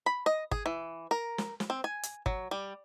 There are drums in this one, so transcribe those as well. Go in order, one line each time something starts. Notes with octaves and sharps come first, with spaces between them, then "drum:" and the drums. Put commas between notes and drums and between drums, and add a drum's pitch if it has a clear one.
B5
D#5
G#4, drum: kick
E3
A#4
drum: snare
drum: snare
C4
G#5
drum: hi-hat
F#3, drum: kick
G3